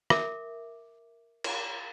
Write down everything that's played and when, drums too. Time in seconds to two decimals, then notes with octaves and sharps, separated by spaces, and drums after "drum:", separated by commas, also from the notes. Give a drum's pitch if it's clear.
0.10 A#4 E5 D6, drum: rim click
1.44 drum: cymbal